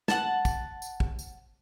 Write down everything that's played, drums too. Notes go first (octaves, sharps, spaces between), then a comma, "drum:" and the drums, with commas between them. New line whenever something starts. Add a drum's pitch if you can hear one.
F#5 A5, drum: snare
drum: kick, tambourine
drum: tambourine
drum: kick
drum: tambourine